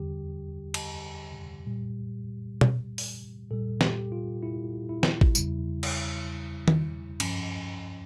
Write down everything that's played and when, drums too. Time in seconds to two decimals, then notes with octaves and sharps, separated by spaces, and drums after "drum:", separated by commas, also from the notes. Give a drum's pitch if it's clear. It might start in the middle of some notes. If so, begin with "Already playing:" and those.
Already playing: E2 D3 G3 G4
0.74 drum: cymbal
1.66 A#2 G3
2.61 drum: tom B2
2.98 drum: open hi-hat
3.50 A#2 G3 A4
3.81 G4, drum: snare
4.12 F4
4.43 E4
4.89 E4
5.03 drum: snare
5.21 drum: kick
5.35 E2 C#3 G3, drum: tambourine
5.83 drum: cymbal
6.68 drum: tom D#3
7.20 G2 F3 C#4, drum: cymbal